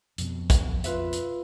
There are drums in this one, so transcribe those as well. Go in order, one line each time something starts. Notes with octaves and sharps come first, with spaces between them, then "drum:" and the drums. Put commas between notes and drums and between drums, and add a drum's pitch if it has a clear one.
F2 B2, drum: hi-hat
drum: kick, hi-hat
F4 B4 E5, drum: hi-hat
drum: hi-hat